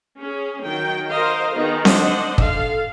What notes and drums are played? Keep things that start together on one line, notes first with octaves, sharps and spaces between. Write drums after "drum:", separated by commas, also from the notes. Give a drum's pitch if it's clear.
C#4 G#4
D#3 F#3 G5
F#4 A#4 C5 D#5 F5
D#3 B3 D#4 G#4
D4 C5 D#5 F#5, drum: snare C4
A4 F5, drum: kick